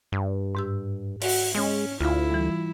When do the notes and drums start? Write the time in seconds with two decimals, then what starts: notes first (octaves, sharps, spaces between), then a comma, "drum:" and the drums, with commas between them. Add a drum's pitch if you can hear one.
0.12 G2
0.55 G#2 G4 E6
1.22 F#4, drum: open hi-hat
1.55 G#3 C#4
2.01 D2 E4 F4 F5
2.31 E3 G3